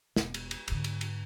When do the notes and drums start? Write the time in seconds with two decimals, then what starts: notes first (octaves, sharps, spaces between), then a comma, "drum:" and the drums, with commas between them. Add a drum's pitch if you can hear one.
0.16 E1, drum: snare
0.34 drum: cymbal
0.51 drum: cymbal
0.68 G#2 D3, drum: cymbal
0.84 drum: cymbal
1.01 drum: cymbal